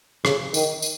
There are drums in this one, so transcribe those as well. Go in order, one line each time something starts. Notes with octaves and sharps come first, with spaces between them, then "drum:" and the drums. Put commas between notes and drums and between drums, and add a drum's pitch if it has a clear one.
C#3, drum: rim click
D#3, drum: tambourine
drum: tambourine